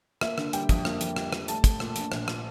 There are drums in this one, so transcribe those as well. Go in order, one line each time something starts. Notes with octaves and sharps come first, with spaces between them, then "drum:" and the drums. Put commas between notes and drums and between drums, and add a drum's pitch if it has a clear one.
A#3 E5, drum: rim click
D3, drum: rim click
G3 G5, drum: hi-hat
F2, drum: kick, hi-hat
A#3, drum: rim click
F2, drum: hi-hat
G3, drum: rim click
G3, drum: rim click
A3 A5, drum: hi-hat
A3, drum: kick, hi-hat
A#2, drum: rim click
A#1, drum: hi-hat
A#1, drum: rim click
drum: rim click